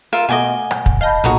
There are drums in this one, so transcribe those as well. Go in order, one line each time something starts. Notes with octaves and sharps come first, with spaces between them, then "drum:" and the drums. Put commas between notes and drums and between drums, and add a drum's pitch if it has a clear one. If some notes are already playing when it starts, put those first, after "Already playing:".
F4 A#4 E5
B2 A3 D#5 F#5 G#5 D6 G7
drum: rim click
drum: kick
D#5 F5 A5 B5 G6 A#6
B1 A#2 F#4 A#5 D#6